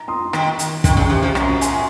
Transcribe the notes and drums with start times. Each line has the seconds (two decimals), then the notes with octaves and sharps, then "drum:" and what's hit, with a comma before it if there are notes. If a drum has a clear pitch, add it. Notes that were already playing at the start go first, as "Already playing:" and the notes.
Already playing: A#5
0.08 C6 D#6
0.33 D#3, drum: rim click
0.59 drum: hi-hat
0.84 D#3, drum: kick, hi-hat
0.97 C#3
1.10 C3
1.23 F3
1.35 F#2 A#5 C#6, drum: rim click
1.61 G#5 C6, drum: hi-hat